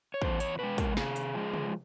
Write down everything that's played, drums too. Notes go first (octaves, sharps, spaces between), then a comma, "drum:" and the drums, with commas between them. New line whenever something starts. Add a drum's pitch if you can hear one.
C#5
E2 C5, drum: kick
C#5, drum: hi-hat
B2 G#3 B4
A#4, drum: kick, hi-hat
C3 G#4, drum: snare
drum: hi-hat
F3 G#3
drum: tom